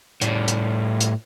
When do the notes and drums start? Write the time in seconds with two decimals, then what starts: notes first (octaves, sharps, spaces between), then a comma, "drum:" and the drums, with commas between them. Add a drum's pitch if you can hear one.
0.21 A2 G3, drum: hi-hat
0.48 drum: hi-hat
1.01 drum: hi-hat